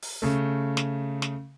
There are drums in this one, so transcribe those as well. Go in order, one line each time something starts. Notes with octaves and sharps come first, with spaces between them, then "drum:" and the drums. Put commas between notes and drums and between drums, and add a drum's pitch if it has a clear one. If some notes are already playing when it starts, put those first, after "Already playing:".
drum: open hi-hat
C#3 A3
drum: snare
drum: snare